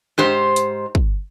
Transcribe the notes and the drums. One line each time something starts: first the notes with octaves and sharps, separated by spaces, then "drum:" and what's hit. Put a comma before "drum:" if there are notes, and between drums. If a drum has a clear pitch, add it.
G#2 G4 C5
drum: hi-hat
drum: kick